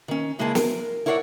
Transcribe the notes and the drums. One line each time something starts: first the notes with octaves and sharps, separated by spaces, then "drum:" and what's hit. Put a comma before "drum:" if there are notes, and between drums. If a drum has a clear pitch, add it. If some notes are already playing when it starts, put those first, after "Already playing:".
D#3 C#4
C#3 G#3 A#3 E4 G#4 A5
A#4, drum: snare
E4 A#4 C#5 D5 F5 F#5